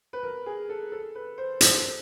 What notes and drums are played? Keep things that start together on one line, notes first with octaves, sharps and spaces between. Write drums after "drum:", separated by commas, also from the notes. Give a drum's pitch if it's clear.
B4
A#4
G#4
A4
A4
B4
C5
C5, drum: hi-hat